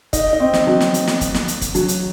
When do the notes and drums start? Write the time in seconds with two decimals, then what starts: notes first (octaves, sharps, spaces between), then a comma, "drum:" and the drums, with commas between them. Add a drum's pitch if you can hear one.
0.13 D#4, drum: kick, hi-hat
0.33 D#4
0.40 C4
0.53 drum: snare
0.67 F#3
0.80 drum: snare
0.94 drum: hi-hat
1.07 drum: snare
1.21 drum: kick, hi-hat
1.34 drum: snare
1.48 drum: hi-hat
1.61 drum: kick, hi-hat
1.75 F#3, drum: hi-hat
1.88 drum: hi-hat